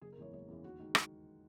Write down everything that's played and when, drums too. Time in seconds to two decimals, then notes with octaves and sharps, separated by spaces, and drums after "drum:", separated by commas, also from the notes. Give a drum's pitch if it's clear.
0.01 F#1 G#4
0.12 A#4
0.18 E2 C#3 E3 G#3 C#5
0.33 F#1 C#5
0.48 E2 C#3 E3 G#3
0.64 D#2 F#4
0.79 D#3 G#3
0.95 drum: rim click